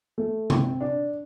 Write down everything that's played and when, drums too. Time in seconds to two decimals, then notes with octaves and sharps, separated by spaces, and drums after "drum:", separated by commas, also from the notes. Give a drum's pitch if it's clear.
0.18 A3
0.50 C4, drum: tom C3
0.81 D4